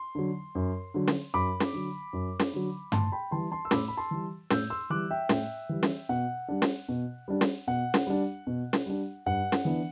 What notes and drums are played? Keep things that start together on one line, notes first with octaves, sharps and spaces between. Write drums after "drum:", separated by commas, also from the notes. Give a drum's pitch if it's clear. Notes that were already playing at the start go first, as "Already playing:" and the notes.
Already playing: C6
D3 F#3
F#2
D3 F#3
drum: snare
F#2 B5 D6
drum: snare
D3 F#3
F#2
drum: snare
D3 F#3
A2 A5 C6, drum: tom G2
G5 B5
E3 G3 A5 C6
A5 C6
E6
A2 B5 D6, drum: snare
B5
A5 C6
E3 G3
A2 E6 G6, drum: snare
C6 E6
E3 G3 D6 F#6
E5 G5
A2, drum: snare
E3 G3
drum: snare
B2 F#5
G3 D4
drum: snare
B2
G3 D4
drum: snare
B2 F#5
drum: snare
G3 D4
B2
drum: snare
G3 D4
G2 F#5
drum: snare
E3 B3 D4